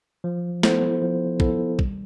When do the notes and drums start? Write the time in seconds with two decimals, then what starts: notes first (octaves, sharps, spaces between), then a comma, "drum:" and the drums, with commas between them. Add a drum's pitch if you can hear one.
0.24 F3
0.63 B3 E4 A4 C5, drum: snare
1.02 F3
1.40 B3 E4 A4 C5, drum: kick
1.79 G3, drum: kick